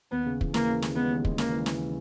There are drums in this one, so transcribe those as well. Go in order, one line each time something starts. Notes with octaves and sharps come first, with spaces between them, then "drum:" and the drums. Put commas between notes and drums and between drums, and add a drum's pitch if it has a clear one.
D#2 B3
C#3
E3, drum: kick
E3 A#3, drum: snare
C#3
D#2, drum: snare
G#3 B3
D#2
G#3, drum: kick
C#3 A#3, drum: snare
E3
E3, drum: snare